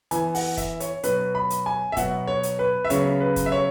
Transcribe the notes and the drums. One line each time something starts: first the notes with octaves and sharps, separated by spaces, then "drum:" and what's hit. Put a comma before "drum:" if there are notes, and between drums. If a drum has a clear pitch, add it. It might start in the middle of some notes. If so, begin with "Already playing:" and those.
E3 B3 G#5, drum: hi-hat
F#5, drum: open hi-hat
E5, drum: kick, hi-hat
C#5, drum: hi-hat
B2 F#3 B3 B4, drum: hi-hat
B5
drum: hi-hat
G#5
E5
B2 F#3 B3 F#5, drum: kick, hi-hat
C#5
drum: hi-hat
B4
E5
C#3 F#3 B3 C#5, drum: hi-hat
B4
drum: kick, hi-hat
E5
C#5